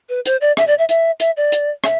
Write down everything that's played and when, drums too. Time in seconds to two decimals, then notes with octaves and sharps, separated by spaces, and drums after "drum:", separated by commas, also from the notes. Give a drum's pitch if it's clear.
0.09 B4
0.26 C5, drum: hi-hat
0.41 D5
0.57 E5, drum: rim click
0.67 D5
0.78 E5
0.89 E5, drum: hi-hat
1.20 E5, drum: hi-hat
1.37 D5
1.52 drum: hi-hat
1.84 E5, drum: rim click